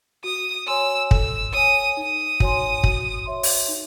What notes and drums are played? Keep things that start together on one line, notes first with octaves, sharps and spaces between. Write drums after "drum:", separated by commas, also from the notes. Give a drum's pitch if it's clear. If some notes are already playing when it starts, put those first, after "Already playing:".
F#4 D#6
C#5 G#5 C6 E6
A4 E6, drum: kick
C#5 G#5 D#6
D#4 D#6
F#4 C#5 G#5 C6, drum: kick
F#4, drum: kick
C#5 E5 C6
drum: open hi-hat
D#4